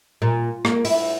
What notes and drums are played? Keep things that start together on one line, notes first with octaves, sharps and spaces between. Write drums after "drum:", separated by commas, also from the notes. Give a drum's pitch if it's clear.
A#2
A#3, drum: rim click
E4, drum: open hi-hat